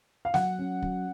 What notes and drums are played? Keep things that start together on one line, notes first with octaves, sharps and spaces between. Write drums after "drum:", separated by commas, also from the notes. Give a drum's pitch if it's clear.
F5
F#3 F#5, drum: snare
C#4
F#3, drum: kick